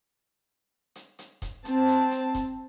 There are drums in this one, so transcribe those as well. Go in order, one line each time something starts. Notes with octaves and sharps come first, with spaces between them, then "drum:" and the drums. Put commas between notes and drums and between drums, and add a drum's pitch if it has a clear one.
drum: hi-hat
drum: hi-hat
drum: kick D#1, hi-hat
C4 A5, drum: hi-hat
drum: hi-hat
drum: hi-hat
drum: kick D#1, hi-hat